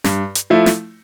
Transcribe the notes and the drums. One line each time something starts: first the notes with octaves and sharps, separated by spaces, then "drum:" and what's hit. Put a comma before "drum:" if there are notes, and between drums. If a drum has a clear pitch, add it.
G2, drum: snare
drum: hi-hat
F3 A3 E4
drum: snare